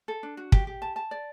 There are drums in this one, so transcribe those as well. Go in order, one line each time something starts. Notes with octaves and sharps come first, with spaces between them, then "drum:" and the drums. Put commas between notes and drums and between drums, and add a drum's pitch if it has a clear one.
A4
D4
F#4
G4, drum: kick
G4
A5
A5
D5